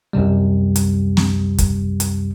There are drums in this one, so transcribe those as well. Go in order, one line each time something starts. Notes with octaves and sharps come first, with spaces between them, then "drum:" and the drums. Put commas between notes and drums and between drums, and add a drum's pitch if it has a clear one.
C2 F#2 C3 G3
drum: hi-hat
drum: snare
drum: kick, hi-hat
drum: hi-hat